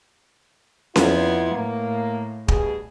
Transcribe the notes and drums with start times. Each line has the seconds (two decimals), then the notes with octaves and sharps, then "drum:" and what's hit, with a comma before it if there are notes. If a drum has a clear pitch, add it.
0.96 F2 B3 E4 F4 G#6, drum: snare C#4
1.54 A2 A#3
2.48 G2 B2 G#4, drum: kick